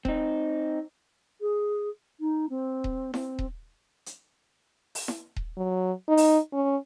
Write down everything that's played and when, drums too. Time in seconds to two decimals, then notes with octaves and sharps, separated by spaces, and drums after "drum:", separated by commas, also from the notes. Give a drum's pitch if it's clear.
0.05 C4 D#4, drum: kick D#1
1.41 G#4
2.20 D#4
2.49 C4
2.84 drum: kick D#1
3.14 C4, drum: snare E4
3.39 drum: kick D#1
4.06 drum: hi-hat
4.95 drum: open hi-hat
5.08 drum: snare E4
5.36 drum: kick D#1
5.57 F#3
6.08 D#4
6.17 drum: open hi-hat
6.53 C#4